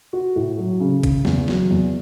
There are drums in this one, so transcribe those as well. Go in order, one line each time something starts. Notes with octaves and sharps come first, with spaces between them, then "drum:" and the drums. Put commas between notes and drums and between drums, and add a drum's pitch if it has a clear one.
F#4
A2
F#3
C#3
C#3, drum: kick, hi-hat
E2, drum: snare
F#3, drum: snare
E2